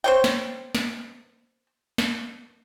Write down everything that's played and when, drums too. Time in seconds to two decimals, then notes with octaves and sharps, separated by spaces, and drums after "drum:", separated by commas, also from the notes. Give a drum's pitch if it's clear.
0.04 C5 C#5 G5
0.24 drum: snare
0.75 drum: snare
1.98 drum: snare